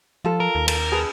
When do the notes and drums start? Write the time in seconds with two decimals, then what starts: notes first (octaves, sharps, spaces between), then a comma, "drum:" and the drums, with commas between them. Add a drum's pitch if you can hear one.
0.25 F3 F4 A4
0.40 A#4
0.55 D#2
0.68 A#4, drum: cymbal
0.92 G#4 B4 A5